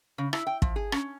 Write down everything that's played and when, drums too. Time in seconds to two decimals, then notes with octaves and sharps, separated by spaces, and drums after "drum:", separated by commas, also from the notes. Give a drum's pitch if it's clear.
0.18 C#3
0.33 E4, drum: rim click
0.47 G5
0.62 F3, drum: kick
0.76 G#4
0.92 C#4, drum: rim click